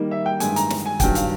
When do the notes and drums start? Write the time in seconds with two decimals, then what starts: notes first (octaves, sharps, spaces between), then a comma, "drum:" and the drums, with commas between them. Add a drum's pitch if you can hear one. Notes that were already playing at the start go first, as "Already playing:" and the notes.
Already playing: D#3 G3 A#3 D#4
0.11 E5
0.26 G5
0.40 G2 D#3 G#3 G#5, drum: hi-hat
0.56 A#5, drum: hi-hat
0.70 drum: snare
0.86 G#5
1.00 G2 D#3 F#3 G5, drum: kick, hi-hat
1.15 F5, drum: hi-hat